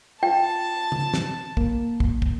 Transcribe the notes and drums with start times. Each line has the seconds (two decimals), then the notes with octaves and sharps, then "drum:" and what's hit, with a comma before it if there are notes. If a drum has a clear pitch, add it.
0.23 F4 G5 A5
0.92 drum: tom C#3
1.14 drum: snare
1.57 A#3, drum: kick
2.00 drum: kick
2.22 drum: kick